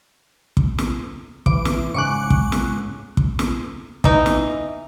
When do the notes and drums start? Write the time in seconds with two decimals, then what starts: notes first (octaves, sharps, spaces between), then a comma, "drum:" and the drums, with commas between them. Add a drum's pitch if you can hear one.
0.57 drum: kick
0.78 drum: snare
1.46 E3 D6, drum: kick
1.65 drum: snare
1.94 G#2 C#3 G#3 C#6 D6 F#6
2.30 drum: kick
2.52 drum: snare
3.17 drum: kick
3.39 drum: snare
4.04 E3 D#4, drum: kick
4.26 drum: snare